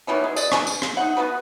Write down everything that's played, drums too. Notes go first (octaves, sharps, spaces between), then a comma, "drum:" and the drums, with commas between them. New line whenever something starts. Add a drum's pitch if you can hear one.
B2 D#3 E3 C#4
G#3
D5 D#5, drum: tambourine
D4 A#4 G#5 C#6, drum: rim click
drum: tambourine
drum: rim click
D#4 F#5
B3 D4 F#4 B4